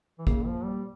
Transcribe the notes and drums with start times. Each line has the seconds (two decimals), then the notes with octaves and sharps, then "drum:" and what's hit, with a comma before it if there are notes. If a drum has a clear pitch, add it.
0.19 E3
0.27 C#3 A#3, drum: kick
0.47 F3
0.66 G3